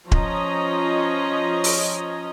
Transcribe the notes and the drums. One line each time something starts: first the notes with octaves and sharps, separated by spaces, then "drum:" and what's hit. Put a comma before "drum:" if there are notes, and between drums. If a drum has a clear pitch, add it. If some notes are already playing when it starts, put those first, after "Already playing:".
F3 C#4 C#5 D#5 A#5, drum: kick
drum: open hi-hat